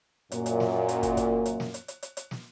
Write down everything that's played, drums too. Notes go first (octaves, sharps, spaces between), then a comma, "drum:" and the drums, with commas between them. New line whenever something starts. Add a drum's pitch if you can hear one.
F#2 A#2, drum: hi-hat
drum: hi-hat
drum: snare
drum: hi-hat
drum: kick, hi-hat
drum: kick, hi-hat
drum: hi-hat
drum: snare
drum: hi-hat
drum: hi-hat
drum: hi-hat
drum: hi-hat
drum: snare